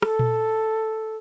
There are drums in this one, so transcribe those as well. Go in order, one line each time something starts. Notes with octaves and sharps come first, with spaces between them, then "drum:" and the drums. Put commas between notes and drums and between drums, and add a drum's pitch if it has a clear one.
A4, drum: rim click
drum: tom A#2